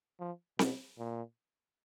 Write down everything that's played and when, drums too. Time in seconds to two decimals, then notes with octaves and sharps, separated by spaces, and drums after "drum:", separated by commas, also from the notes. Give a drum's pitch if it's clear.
0.20 F3
0.59 B2, drum: snare C4
0.98 A#2